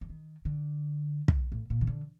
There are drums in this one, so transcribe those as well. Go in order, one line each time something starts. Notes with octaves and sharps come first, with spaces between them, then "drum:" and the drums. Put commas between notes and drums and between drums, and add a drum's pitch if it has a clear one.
D3
D#3
D3
drum: kick
A2
A#2
D#3
D3